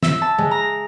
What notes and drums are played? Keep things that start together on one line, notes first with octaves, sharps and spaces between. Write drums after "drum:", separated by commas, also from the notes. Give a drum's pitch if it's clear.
E5, drum: snare
A5
G#3
A#5